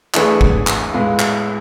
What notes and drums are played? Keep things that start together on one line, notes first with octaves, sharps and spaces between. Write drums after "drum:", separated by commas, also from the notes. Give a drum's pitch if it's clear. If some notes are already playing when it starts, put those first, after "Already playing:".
E3 A3 D4 G#4 B4, drum: clap
drum: kick
drum: clap
A2 G#3 B3 F4
drum: clap